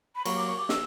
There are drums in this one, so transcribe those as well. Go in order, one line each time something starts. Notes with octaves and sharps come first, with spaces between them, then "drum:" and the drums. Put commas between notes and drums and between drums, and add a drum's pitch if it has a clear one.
B5
F#3 A#3 C#6, drum: cymbal
D6
C#6
D6
E6, drum: snare